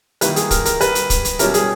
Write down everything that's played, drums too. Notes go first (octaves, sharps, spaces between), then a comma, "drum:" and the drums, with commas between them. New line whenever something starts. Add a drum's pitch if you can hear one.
D#3 G3 A#3 E4 B4, drum: hi-hat
G#4, drum: hi-hat
A#4, drum: kick, hi-hat
A#4, drum: hi-hat
B4, drum: hi-hat
drum: hi-hat
drum: kick, hi-hat
drum: hi-hat
B2 G3 C#4 E4 A#4, drum: hi-hat
G#4, drum: hi-hat